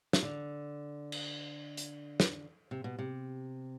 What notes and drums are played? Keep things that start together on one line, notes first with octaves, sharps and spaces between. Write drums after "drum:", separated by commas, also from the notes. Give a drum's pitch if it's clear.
D#3, drum: snare
D3
drum: cymbal
drum: hi-hat
drum: snare
C3
B2
C3